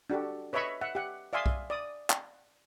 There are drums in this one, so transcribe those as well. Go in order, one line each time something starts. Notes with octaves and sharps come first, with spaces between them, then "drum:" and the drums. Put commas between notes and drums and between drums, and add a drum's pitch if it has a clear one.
D4 F#4 G4 A4
B4 C#5 D#5 E5 B5 C#6
E5 F#5
G4 F#5
D5 E5 F5 G#5 C6 D#6
drum: kick B1
D5 D#6
drum: clap